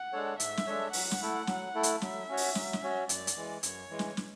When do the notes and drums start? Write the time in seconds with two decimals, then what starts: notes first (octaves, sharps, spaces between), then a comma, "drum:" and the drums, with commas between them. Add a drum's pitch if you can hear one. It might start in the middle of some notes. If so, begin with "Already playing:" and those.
Already playing: F#5
0.13 G#3 D4 A4 C#5
0.40 G#2 E5, drum: hi-hat
0.57 drum: snare
0.67 G#3 D4 A4 C#5
0.93 F#3 F#5, drum: open hi-hat
1.11 drum: snare
1.21 A3 E4 A4
1.47 F#3, drum: snare
1.74 A3 E4 A4
1.83 drum: hi-hat
2.02 F#3 E5, drum: snare
2.28 C#4 F#4 C#5
2.37 drum: open hi-hat
2.55 F#3, drum: snare
2.73 drum: snare
2.83 C#4 F#4 C#5
3.09 F#2 D5, drum: hi-hat
3.27 drum: hi-hat
3.37 E3 G#3
3.63 F#2 C#5, drum: hi-hat
3.90 E3 G#3
3.99 drum: snare
4.17 drum: snare